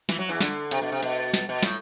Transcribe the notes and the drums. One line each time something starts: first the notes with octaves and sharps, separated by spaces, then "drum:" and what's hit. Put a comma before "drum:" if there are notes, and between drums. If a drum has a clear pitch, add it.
E3, drum: snare
F#3
E2 E3
D3, drum: snare
C3, drum: hi-hat
B2
C3
B2, drum: hi-hat
drum: snare
B2
A2, drum: snare